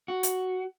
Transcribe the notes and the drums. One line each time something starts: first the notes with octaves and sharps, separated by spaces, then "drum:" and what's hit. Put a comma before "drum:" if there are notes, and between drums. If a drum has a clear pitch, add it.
F#4
drum: hi-hat